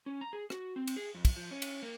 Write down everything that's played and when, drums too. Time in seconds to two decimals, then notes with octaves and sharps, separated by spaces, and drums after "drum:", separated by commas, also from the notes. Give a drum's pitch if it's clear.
0.06 C#4
0.21 A#5
0.33 G#4
0.50 F#4, drum: rim click
0.76 C4
0.87 drum: cymbal
0.97 G#4
1.15 F2
1.25 drum: kick, cymbal
1.36 F3
1.51 C#4
1.62 drum: cymbal
1.82 A#3